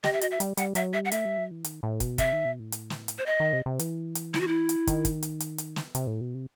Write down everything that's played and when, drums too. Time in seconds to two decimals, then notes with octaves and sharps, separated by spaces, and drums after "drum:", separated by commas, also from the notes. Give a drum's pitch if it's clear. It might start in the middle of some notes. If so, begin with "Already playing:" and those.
0.04 G4 D#5, drum: snare
0.13 E5
0.21 F#4 D#5, drum: hi-hat
0.31 E5
0.40 G3, drum: hi-hat
0.57 G3 F#5, drum: hi-hat
0.75 F#3 E5, drum: hi-hat
0.94 G3 E5
1.05 F#5
1.12 A3 E5, drum: hi-hat
1.25 G3
1.38 F#3
1.51 E3
1.64 D#3, drum: hi-hat
1.83 A2
2.00 B2, drum: kick, hi-hat
2.18 C3 E5, drum: kick, hi-hat
2.33 D#3
2.45 B2
2.60 A2
2.72 drum: hi-hat
2.90 drum: snare
3.08 drum: hi-hat
3.18 C5
3.26 D#5
3.40 D#3
3.53 C3
3.66 C3
3.79 E3, drum: hi-hat
4.15 drum: hi-hat
4.34 E4, drum: snare
4.40 F#4
4.47 E4
4.69 drum: hi-hat
4.87 D#3, drum: kick, hi-hat
5.05 drum: kick, hi-hat
5.23 drum: hi-hat
5.40 drum: hi-hat
5.58 drum: hi-hat
5.76 drum: snare
5.95 C3, drum: hi-hat
6.07 A2
6.21 B2
6.34 C3